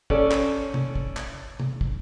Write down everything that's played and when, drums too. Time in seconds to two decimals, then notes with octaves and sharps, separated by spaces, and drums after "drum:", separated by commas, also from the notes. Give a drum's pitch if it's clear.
0.10 C#4 A4 D5, drum: kick
0.31 drum: clap
0.74 drum: tom
0.95 drum: kick
1.17 drum: clap
1.60 drum: tom
1.81 drum: kick